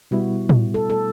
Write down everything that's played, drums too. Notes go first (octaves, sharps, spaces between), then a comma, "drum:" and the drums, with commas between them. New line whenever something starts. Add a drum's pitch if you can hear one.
B2 G3 B3 E4 F#4
drum: tom
A4
A4